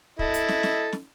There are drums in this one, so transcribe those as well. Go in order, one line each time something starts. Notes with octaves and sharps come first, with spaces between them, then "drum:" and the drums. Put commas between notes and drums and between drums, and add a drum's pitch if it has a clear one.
E4 A4 D#5, drum: kick
drum: hi-hat
drum: snare
drum: snare
drum: snare